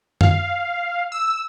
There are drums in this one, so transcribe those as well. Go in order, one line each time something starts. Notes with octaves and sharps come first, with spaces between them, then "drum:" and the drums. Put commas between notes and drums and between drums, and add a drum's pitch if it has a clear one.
F5, drum: tom F#2
E6